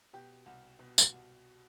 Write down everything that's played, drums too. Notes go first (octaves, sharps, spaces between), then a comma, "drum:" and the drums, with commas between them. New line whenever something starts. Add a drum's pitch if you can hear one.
B2 G4
C2
B2
drum: tambourine
C2